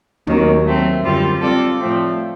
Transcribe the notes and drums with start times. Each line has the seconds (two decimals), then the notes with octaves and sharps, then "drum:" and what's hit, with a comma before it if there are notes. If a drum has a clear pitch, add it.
0.27 D#2 D#3 F#3, drum: tom
0.66 F#3 A3 C4
1.03 F#2 D3 G3 C4 F4
1.41 G3 C4 F4 A4 D5
1.79 A2 F3 A3 C4